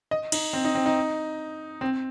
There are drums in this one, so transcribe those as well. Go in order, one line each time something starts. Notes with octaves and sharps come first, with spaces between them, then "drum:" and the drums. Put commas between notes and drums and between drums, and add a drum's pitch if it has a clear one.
D#5
D#4, drum: cymbal
C4
D#4
C4
D#4
C4